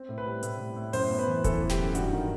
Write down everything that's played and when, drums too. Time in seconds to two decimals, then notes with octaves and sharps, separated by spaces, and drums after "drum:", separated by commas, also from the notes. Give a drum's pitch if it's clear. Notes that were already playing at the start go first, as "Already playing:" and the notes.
Already playing: C4
0.09 A2
0.18 B4
0.26 G3
0.43 A2, drum: hi-hat
0.59 A2
0.76 A2
0.93 F#2 C5, drum: open hi-hat
1.11 B3
1.19 B4
1.27 E3
1.44 E3 A4, drum: kick E1, hi-hat
1.62 E3
1.69 G4, drum: snare
1.79 F#2
1.95 G2 F#4, drum: hi-hat
2.13 D#3